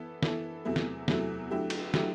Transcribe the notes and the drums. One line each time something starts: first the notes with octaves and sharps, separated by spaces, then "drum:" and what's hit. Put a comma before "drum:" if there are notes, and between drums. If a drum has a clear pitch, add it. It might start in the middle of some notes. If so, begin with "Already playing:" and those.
Already playing: E3 B3 E4 A4
E3 B3 E4 A4, drum: snare
E2 C3 F#3 A3 E4
drum: snare
E2 C3 F#3 A3 E4, drum: snare
D3 F#3 A3 E4 G4
drum: cymbal
D3 F#3 A3 E4 G4, drum: snare